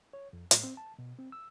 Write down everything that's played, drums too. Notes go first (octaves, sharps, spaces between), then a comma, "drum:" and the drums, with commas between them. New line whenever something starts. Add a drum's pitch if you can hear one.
C#5
F2
A2, drum: hi-hat
C4
A5
B2
C4
E6